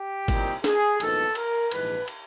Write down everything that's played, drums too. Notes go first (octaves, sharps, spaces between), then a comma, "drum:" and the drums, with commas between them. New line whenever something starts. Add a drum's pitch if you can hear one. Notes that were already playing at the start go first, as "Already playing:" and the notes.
Already playing: G4
C2 A#2 G3 C4 D#4, drum: kick G#1, cymbal
G#4, drum: snare
A#1 G#2 D#3 F#3 B3 A4, drum: cymbal
A#4, drum: cymbal
A#1 G#2 E3 G#3 B4, drum: cymbal
drum: cymbal